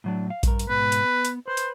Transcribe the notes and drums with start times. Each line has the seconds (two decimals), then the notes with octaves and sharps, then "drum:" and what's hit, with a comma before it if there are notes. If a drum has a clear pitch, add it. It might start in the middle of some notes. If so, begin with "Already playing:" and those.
0.04 A2 F#3 D4
0.30 F5
0.43 G2 A#4, drum: kick A#1, hi-hat
0.59 drum: hi-hat
0.69 G#2 B2 B4
0.92 drum: hi-hat
1.04 B3
1.25 drum: hi-hat
1.48 B4 C5
1.57 drum: hi-hat